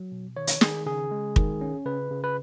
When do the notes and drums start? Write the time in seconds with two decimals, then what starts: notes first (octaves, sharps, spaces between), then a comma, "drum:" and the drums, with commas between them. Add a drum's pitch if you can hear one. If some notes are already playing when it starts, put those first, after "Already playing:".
Already playing: F#3
0.12 B2
0.37 D#3 C#5
0.47 drum: hi-hat
0.61 D#3 G#4, drum: snare
0.86 C#3 G#4
1.11 G#3
1.36 D#3, drum: kick
1.61 C#4
1.86 C#3 B4
2.11 C#3
2.24 B4